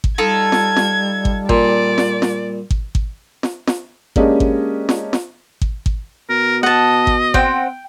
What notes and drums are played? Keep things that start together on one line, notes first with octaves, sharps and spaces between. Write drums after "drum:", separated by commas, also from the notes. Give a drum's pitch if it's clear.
drum: kick G#1
G3 D#4 F4 A4 G#6
drum: snare
drum: snare
drum: kick G#1
A#2 D5, drum: kick G#1
drum: snare
drum: snare
drum: kick G#1
drum: kick G#1
drum: snare
drum: snare
G#3 A#3 C#4 D4 G4 D#5, drum: kick G#1
drum: kick G#1
drum: snare
drum: snare
drum: kick G#1
drum: kick G#1
B2 A#4
D#5 F#5 A5
drum: kick G#1
C4 F#5 G5, drum: kick G#1